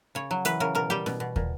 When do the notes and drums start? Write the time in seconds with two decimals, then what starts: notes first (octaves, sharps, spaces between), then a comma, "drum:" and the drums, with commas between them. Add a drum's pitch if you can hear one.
0.15 C#3 C#5
0.31 F#3
0.45 E3 B4, drum: hi-hat
0.60 C#3 A#4
0.75 B2 A#4
0.90 G3 G4
1.06 B2, drum: snare C#4
1.20 B2
1.36 A#2, drum: kick